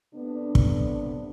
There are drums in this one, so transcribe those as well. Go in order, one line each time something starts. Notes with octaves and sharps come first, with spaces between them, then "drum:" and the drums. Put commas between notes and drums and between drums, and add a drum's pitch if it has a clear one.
C3 A3 B3 D4
drum: kick